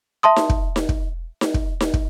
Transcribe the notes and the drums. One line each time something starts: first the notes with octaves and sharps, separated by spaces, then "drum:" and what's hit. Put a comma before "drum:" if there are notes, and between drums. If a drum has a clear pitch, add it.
E5 A5 C6 D#6
drum: snare D#4
drum: kick
drum: snare D#4
drum: kick
drum: snare D#4
drum: kick
drum: snare D#4
drum: kick